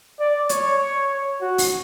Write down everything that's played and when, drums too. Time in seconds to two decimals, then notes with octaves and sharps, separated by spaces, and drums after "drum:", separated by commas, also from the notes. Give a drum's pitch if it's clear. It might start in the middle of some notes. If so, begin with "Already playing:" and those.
0.20 D5
0.49 C#5, drum: hi-hat
1.41 F#4
1.58 drum: open hi-hat